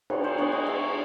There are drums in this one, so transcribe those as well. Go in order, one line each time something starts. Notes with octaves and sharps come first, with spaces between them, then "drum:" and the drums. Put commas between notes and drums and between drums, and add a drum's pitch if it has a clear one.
D#3 B4, drum: cymbal
C5
G#3 B3 D4 C#5
D#5
D#3 E5